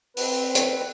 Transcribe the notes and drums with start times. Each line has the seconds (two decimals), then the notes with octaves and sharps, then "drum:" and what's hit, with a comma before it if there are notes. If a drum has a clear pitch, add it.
0.17 C4 B4, drum: open hi-hat
0.55 drum: hi-hat